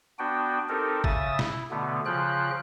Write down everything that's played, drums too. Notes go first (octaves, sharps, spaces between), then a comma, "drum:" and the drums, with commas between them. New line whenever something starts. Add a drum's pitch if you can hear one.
B3 D4 F#4 G5
C4 D#4 G4 A4 A#4
C#3 E5 D#6 A6, drum: kick
E4, drum: snare
B2 D3 A3 B3
C#3 F3 F4 G5 F#6